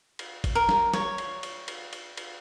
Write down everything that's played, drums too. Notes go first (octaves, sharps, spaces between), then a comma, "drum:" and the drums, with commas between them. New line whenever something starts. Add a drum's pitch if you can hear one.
drum: cymbal
drum: kick, cymbal
A#4
drum: snare
C#5, drum: snare
drum: cymbal
drum: cymbal
drum: cymbal
drum: cymbal
drum: cymbal